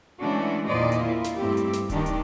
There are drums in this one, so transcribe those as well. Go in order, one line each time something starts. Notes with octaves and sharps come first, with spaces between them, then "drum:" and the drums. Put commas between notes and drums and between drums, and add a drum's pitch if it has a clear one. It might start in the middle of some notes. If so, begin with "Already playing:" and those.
E3 G#3 A3 C#4 D4 F#4
E2 A#2 D#3 C5 D5 D#5
drum: hi-hat
A#3 E4 F4
drum: snare
G2 A3 C4 E4 G4
drum: hi-hat
drum: snare
D#3 D4 G4, drum: kick D1, hi-hat
drum: hi-hat